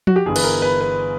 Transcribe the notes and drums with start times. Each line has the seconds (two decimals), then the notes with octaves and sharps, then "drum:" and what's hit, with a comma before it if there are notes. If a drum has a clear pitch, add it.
0.07 F#4, drum: tom F3
0.16 G4
0.26 G1 G2 E3 G#4
0.36 B4, drum: cymbal
0.44 A#4
0.62 B4
0.81 B4